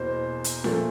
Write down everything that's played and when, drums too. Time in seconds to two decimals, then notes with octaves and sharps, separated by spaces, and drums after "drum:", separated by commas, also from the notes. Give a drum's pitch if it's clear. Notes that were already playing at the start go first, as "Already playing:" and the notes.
Already playing: E2 B2 A#3 C5
0.44 drum: hi-hat
0.64 A#2 F3 A3, drum: snare C#4